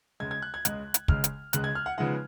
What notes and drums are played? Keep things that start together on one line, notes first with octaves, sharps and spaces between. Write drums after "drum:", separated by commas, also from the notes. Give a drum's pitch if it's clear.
C#2 C#3 G#3 G#6
G#6
F#6
G#6
C#2 C#3 G#3 F#6, drum: hi-hat
drum: hi-hat
C#2 C#3 G#3 F6, drum: kick
drum: hi-hat
C#2 C#3 G#3 F#6, drum: hi-hat
G#6
F6
F#5
C#3 F3 G#3 B3 D#4 F#5